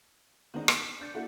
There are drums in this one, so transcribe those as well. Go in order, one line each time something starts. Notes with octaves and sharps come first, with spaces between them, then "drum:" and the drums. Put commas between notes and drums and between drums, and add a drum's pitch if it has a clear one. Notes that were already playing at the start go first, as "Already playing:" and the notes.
D#3 G#3 B3 C4 D4 D#4
B3, drum: rim click
B6 E7
D4 G6 A6 C#7
A#3 D4 E4 F#4 A4